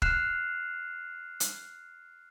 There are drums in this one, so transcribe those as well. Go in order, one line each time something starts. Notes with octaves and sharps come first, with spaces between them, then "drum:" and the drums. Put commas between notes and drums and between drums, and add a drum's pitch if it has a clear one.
F6 F#6 C7 E7 F7, drum: kick
drum: hi-hat